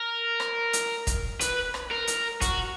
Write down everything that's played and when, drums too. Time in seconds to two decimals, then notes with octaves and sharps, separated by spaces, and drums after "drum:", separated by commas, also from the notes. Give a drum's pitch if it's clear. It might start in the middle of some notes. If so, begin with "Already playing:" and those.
Already playing: A#4
0.40 drum: rim click
0.73 drum: hi-hat
1.07 drum: kick, hi-hat
1.41 B4, drum: hi-hat
1.74 drum: rim click
1.91 A#4
2.07 drum: hi-hat
2.41 F#4, drum: kick, hi-hat